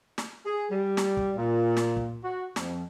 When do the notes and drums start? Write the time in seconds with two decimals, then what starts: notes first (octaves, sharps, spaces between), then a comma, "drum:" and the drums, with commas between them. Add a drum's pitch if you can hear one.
0.18 drum: snare
0.45 G#4
0.70 G3
0.97 drum: snare
1.17 drum: kick
1.37 A#2
1.77 drum: snare
1.97 drum: kick
2.23 F#4
2.56 F2, drum: snare